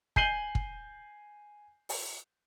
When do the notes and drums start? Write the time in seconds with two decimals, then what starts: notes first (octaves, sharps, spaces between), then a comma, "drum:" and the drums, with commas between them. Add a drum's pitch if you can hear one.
0.16 G#5 G6 C7 D#7 F#7 G7, drum: kick
0.55 drum: kick
1.89 drum: open hi-hat